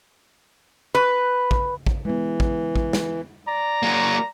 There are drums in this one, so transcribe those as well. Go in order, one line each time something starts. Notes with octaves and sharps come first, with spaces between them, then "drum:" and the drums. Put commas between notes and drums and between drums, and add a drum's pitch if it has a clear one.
B4
drum: kick
drum: kick
E3 G#3 B3
drum: kick
drum: kick
drum: snare
D5 A#5
F#3 A#3